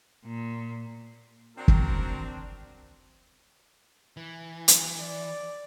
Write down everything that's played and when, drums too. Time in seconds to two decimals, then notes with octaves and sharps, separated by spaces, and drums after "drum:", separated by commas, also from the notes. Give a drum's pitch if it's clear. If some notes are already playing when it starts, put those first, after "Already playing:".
0.25 A#2
1.57 F#3 C4 D4 A#4
1.68 drum: kick
4.17 E3
4.68 drum: hi-hat
5.01 D5